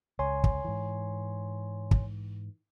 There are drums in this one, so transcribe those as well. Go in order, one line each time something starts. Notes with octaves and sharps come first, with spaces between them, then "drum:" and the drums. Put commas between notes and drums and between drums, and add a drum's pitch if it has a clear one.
C#2 C#5 G#5 C6
drum: kick
G#2 E3
drum: kick